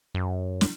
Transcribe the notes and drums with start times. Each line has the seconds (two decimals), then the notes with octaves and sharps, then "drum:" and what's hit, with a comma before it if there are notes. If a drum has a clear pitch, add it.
0.15 F#2
0.61 drum: snare